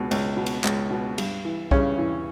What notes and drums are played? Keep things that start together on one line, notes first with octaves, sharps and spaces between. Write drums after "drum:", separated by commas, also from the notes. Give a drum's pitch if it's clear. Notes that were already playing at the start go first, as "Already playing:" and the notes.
Already playing: C#2 B2
C#2, drum: cymbal
B2
drum: cymbal
C#2, drum: clap
B2
G2, drum: cymbal
E3
G2 C#3 C#4, drum: kick B1
E3